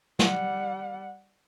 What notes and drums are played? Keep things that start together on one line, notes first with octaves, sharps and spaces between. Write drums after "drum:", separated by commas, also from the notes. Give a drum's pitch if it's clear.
G3 F#5, drum: snare